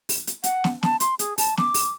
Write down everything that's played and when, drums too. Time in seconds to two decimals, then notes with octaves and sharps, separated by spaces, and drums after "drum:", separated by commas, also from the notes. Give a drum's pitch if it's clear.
0.09 drum: open hi-hat
0.27 drum: hi-hat
0.44 F#5, drum: hi-hat
0.64 drum: snare
0.83 A5, drum: snare
1.00 C6, drum: hi-hat
1.19 G#4, drum: hi-hat
1.38 A5, drum: open hi-hat
1.57 D6, drum: snare
1.74 drum: open hi-hat